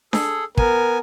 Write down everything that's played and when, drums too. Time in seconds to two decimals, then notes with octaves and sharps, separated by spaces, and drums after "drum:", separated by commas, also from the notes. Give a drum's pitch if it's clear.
0.13 G#4 A4, drum: snare D4
0.57 B3 A#4 G#5, drum: kick